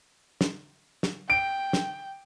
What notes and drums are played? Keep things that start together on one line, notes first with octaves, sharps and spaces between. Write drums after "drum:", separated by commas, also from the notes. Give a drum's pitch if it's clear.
drum: snare
drum: snare
G5 D7
drum: snare